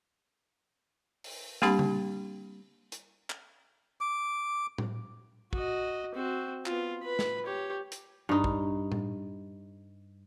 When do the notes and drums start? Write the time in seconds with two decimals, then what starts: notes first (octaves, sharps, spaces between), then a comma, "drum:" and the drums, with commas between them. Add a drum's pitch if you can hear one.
1.24 drum: open hi-hat
1.62 G3 A#3 C4 D4 G4 B5, drum: snare
1.79 drum: tom C#3
2.92 drum: hi-hat
3.30 drum: clap
4.01 D6
4.78 drum: tom A2
5.53 F#4 D#5, drum: kick
6.15 C4 F#4
6.66 B3 F4, drum: clap
7.03 B4 B5
7.19 drum: snare
7.46 G4 C#5
7.92 drum: hi-hat
8.29 G2 D#4
8.44 drum: kick
8.92 drum: tom A2